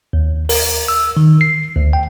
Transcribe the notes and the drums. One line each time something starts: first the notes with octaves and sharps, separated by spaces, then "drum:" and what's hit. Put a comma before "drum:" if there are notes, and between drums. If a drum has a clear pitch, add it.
D#2
A#4, drum: open hi-hat
E6
D#3
C7
D2
G5